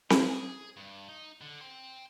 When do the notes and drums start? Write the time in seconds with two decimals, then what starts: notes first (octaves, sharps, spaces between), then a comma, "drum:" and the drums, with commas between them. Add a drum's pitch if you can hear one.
0.10 G#4, drum: snare C4
0.77 G2
1.09 D#4
1.41 D3
1.61 G5 C6